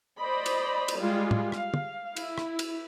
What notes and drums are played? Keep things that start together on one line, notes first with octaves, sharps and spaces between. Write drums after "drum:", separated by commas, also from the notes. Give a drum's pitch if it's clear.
C5 D5 D#5 B5
drum: cymbal
drum: cymbal
G3 G#3 F4 G#4
drum: tom
F5, drum: rim click
drum: tom
E4, drum: cymbal
drum: rim click
drum: cymbal